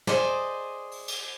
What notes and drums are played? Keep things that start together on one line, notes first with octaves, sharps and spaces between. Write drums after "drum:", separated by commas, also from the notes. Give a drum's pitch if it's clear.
G#4 C5 D5 D#5, drum: snare
drum: open hi-hat
drum: cymbal